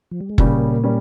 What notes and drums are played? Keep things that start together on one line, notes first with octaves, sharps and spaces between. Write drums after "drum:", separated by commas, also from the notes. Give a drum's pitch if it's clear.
F3
G3
G#3
A#2 C#3 G3 A#3 C#4, drum: kick F#1
G3 C#4